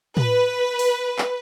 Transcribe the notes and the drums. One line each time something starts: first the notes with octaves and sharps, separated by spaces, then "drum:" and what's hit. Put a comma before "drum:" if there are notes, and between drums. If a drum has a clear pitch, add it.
B4, drum: tom A2
drum: open hi-hat
drum: clap